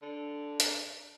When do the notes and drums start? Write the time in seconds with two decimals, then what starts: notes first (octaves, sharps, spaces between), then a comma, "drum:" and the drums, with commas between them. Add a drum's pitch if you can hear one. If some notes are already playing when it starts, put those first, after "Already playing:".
0.02 D3
0.60 drum: hi-hat